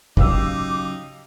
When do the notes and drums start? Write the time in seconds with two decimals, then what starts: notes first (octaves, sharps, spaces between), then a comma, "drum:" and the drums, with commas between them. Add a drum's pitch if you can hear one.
0.17 C#3 F#3 D#4 G4 F5 D6 E6, drum: kick